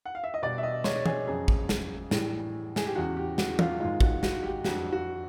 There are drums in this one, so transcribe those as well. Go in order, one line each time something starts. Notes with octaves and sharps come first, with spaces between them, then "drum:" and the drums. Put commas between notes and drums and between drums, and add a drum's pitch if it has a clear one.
F#5
F5
E5
D#5
B2 G3 D5
E5
D#5
C#5, drum: snare
G#4, drum: tom
F2 C#3 F#3 G#4
drum: kick
drum: snare
A2 E3 G3, drum: snare
G#4, drum: snare
G4
E2 C#3 E3 F#4
G4
F#4, drum: snare
F4, drum: tom
G#2 D#3 G#3 F4
F#4, drum: kick
F#4, drum: snare
G4
F2 D3 G3 F#4, drum: snare
F#4